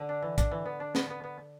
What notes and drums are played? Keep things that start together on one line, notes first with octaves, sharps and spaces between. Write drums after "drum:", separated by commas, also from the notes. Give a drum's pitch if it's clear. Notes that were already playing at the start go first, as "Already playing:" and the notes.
Already playing: D3
D4
E3
D4, drum: kick, hi-hat
E3
B3
D4
B3, drum: snare
B3
B3